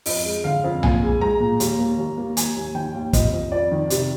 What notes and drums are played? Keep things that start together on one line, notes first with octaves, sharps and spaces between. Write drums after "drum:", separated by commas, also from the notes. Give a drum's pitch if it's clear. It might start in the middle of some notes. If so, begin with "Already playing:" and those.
F2 D#5, drum: open hi-hat
G#3
D3 F5
F2
A#2 G#5, drum: tom B1
G#3
G#3 A#5
A#2
D#2, drum: hi-hat
A#3
D#2
A#3
D#2 G#5, drum: hi-hat
D#2
D#3 G5
D#2
F2 D#5, drum: kick, hi-hat
F2
F2 D5
D#3
C3, drum: hi-hat